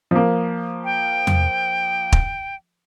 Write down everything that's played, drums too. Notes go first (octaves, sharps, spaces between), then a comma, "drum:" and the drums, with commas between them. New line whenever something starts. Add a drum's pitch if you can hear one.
F3 A#3
G5
drum: tom E2
drum: kick